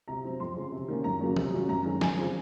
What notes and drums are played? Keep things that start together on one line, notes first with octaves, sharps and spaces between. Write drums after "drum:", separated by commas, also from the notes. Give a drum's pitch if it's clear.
C3 A#5
F#3 C4
F2 C6
C#3 F3
C3
D#3 A#3 C#4
F#2 A#5
C#3 F#3 A#3 C#4
C3, drum: tom D#3
F#3 C#4
F#2 A#5
D#3 G#3 C#4
F#2 G#5, drum: snare
C#3 F3 C4